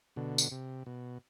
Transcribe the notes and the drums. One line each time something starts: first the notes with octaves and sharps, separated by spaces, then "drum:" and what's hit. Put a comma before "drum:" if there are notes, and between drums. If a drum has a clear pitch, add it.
B2 D3
drum: tambourine
C3
B2